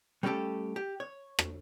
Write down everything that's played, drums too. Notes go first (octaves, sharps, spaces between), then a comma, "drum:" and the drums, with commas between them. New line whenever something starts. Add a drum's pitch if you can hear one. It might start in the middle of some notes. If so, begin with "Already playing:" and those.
G3 A3 C#4 F#4 G4 A4
G4
C#5
drum: rim click